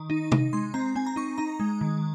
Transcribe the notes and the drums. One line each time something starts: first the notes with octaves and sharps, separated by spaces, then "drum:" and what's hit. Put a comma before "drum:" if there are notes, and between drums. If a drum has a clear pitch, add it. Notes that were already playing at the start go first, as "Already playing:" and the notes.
Already playing: D#3
D#4
D#4, drum: tom C3
G#3 C6
C4 A#5
C4 G#5
A#5
D#4 C#6
D#4 A#5
G#3
D#3